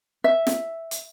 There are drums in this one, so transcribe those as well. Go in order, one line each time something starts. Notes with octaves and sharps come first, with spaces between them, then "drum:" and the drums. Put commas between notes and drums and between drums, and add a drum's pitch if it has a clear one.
E5
drum: snare
drum: hi-hat